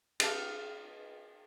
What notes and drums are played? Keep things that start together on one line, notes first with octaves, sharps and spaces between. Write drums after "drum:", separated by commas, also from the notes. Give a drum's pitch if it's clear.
D#4 G4 A4 B4 D#5 F5 A5, drum: cymbal